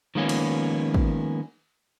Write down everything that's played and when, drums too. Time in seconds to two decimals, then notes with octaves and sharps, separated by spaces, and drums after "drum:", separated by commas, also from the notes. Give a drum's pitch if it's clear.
0.15 D#3 F3 G#3 A#3 B3 C#4
0.29 drum: cymbal
0.94 drum: kick